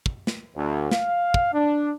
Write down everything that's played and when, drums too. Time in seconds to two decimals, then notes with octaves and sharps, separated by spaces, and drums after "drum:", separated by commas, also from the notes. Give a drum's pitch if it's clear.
0.06 drum: kick
0.27 drum: snare
0.56 D2
0.91 F5, drum: snare
1.34 drum: kick
1.53 D4